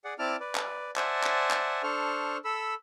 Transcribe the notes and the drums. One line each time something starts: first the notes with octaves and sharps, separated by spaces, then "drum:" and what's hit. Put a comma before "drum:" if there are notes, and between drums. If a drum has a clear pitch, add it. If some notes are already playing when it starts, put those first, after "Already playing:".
G#4 D5 F#5
C4 E4 D5 A5 D6 F6
B4 D5
drum: clap
C5 D5 E5 F#5 G#5 A5, drum: clap
drum: clap
drum: clap
D4 A4 C5 C#6 F6
A4 B5 E6